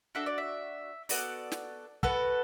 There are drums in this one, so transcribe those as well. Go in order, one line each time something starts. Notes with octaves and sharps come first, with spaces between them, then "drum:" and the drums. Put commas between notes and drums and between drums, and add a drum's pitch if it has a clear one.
D4 F#4 A4 E5
D5
E5
B3 F#4 A4 D5, drum: open hi-hat
drum: snare
B3 F#4 A4 B4, drum: kick